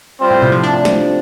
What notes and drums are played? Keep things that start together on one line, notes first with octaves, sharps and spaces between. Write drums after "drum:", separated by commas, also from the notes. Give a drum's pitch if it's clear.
G3 C4 F4 C5
A2
C3, drum: tom G#2
F3
D4
drum: snare